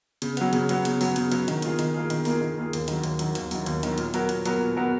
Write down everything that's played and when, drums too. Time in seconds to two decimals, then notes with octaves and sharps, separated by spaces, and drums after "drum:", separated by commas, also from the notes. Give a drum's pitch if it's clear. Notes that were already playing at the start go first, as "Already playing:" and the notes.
0.22 C#3, drum: hi-hat
0.37 F#3 B3, drum: hi-hat
0.53 C#3, drum: hi-hat
0.69 F#3 B3, drum: hi-hat
0.85 C#3, drum: hi-hat
1.01 F#3 B3, drum: open hi-hat
1.16 C#3, drum: hi-hat
1.32 F#3 B3, drum: hi-hat
1.48 D#3, drum: hi-hat
1.62 A#3 F4 G#4, drum: hi-hat
1.79 D#3, drum: hi-hat
1.94 A#3 F4 G#4
2.10 D#3, drum: hi-hat
2.25 A#3 F4 G#4, drum: open hi-hat
2.41 D#3
2.58 A#3 F4 G#4
2.73 D#2, drum: hi-hat
2.88 D#3 F#3, drum: hi-hat
3.04 D#2, drum: hi-hat
3.19 D#3 F#3, drum: hi-hat
3.35 D#2, drum: hi-hat
3.51 D#3 F#3, drum: open hi-hat
3.66 D#2, drum: hi-hat
3.83 D#3 F#3, drum: hi-hat
3.98 A#2, drum: hi-hat
4.14 F#3 B3 F#4 A#4, drum: hi-hat
4.29 A#2, drum: hi-hat
4.45 F#3 B3 F#4 A#4, drum: hi-hat
4.61 A#2
4.76 F#3 B3 F#4 A#4